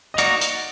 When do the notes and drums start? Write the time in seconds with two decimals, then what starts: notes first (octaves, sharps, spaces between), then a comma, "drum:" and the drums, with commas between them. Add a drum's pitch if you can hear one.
0.14 D#5
0.18 A#3 D#4 F#4 A#4 D5, drum: hi-hat
0.41 drum: hi-hat